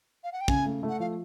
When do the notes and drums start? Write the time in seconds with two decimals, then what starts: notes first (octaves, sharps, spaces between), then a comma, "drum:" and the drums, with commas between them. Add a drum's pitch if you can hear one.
0.24 F5
0.32 F#5
0.41 G5
0.48 C#3 G#5, drum: kick
0.66 A3
0.83 A3
0.89 F#5
1.00 F3 F5